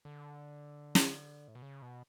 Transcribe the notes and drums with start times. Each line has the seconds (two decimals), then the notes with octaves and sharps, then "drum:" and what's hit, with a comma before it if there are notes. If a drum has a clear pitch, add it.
0.05 D3
0.95 drum: snare
1.48 A2
1.55 B2
1.62 C#3
1.82 B2